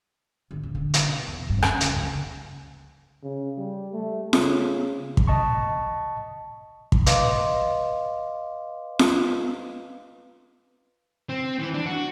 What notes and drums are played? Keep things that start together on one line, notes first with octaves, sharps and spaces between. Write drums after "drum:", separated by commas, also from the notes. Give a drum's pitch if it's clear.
G1
D#1
D3
B2, drum: hi-hat
E2
G2
C#4, drum: rim click
C#2, drum: hi-hat
F#1
C#3
G3
A3
C#3, drum: snare
drum: kick
D#5 A5 C#6
drum: kick
B4 D#5 F5 C6 D6, drum: hi-hat
drum: snare
C4
E3
D4
F#4